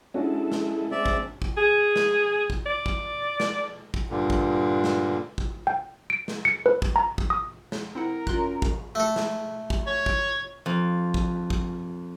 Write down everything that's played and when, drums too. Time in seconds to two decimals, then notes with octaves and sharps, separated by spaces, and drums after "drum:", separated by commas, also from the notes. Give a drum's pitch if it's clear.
0.14 G#3 C#4 D4 E4 F#4 A4
0.52 drum: snare
0.91 G#3 C4 D5 E5
1.06 drum: kick
1.42 drum: kick
1.57 G#4
1.96 drum: snare
2.50 drum: kick
2.66 D5
2.86 drum: kick
3.40 drum: snare
3.94 drum: kick
4.09 G2 A#2 D3
4.30 drum: kick
4.84 drum: snare
5.38 drum: kick
5.67 G5
6.10 D7
6.28 drum: snare
6.45 C#7
6.66 B4
6.82 drum: kick
6.96 A#5
7.18 drum: kick
7.30 D#6
7.72 drum: snare
7.95 C4 E4 A#4 F#5
8.27 F#2 F4 C6 F#6, drum: kick
8.62 drum: kick
8.95 A3 A4
9.16 drum: snare
9.70 drum: kick
9.87 C#5
10.06 drum: kick
10.66 F2
11.14 drum: kick
11.50 drum: kick